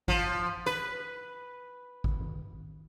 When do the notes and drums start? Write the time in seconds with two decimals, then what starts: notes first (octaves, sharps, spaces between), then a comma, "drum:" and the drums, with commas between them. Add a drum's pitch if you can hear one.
0.08 F3, drum: kick
0.66 B4, drum: hi-hat
2.04 drum: kick
2.21 drum: tom D#3